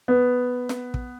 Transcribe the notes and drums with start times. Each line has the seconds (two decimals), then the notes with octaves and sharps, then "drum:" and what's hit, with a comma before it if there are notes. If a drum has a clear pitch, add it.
0.08 B3
0.69 drum: snare
0.94 drum: kick